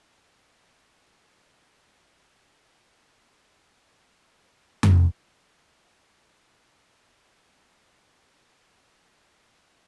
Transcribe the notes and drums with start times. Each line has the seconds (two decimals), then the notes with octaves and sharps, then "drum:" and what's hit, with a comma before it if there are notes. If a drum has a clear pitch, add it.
0.10 D3 F3 G3 D4 G4
2.14 A1 G2 D3 A3
2.82 D1 A#2 F3 D4
3.36 G#1 C#2 A2 A3
4.83 drum: tom F2
5.14 G#3
6.37 D3 G#4
6.83 D3 G3 G#5 B5
7.30 D#3 A3 F#4 A4
7.71 D#4 A5
7.85 G#3 F4 G#4
8.15 B3 F4 A#4
9.05 G4 C#5 D#5 F5 G5 G#5